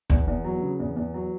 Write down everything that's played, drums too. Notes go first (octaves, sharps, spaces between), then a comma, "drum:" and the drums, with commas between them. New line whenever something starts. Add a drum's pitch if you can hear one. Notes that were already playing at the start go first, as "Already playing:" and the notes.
E2, drum: kick
E2
F#3
C#3
E2
E2
F#3